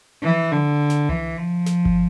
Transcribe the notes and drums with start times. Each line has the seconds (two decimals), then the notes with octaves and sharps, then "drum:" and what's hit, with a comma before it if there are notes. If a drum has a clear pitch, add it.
0.23 E3
0.52 D3
0.90 drum: snare
1.09 E3, drum: tom C2
1.38 F3
1.66 drum: snare
1.85 drum: kick G1